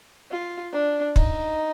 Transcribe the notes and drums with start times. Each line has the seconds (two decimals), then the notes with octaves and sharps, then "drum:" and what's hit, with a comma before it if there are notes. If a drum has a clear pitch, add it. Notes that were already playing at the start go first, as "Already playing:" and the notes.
0.31 F4
0.73 D4
1.16 D#4, drum: kick